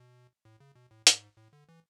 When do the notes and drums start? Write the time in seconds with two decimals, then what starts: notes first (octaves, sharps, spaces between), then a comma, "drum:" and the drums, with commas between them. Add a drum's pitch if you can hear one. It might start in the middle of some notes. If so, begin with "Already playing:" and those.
Already playing: B2
0.45 A2
0.60 C#3
0.75 B2
0.91 A2
1.07 G#2, drum: hi-hat
1.37 A2
1.53 D3
1.69 E3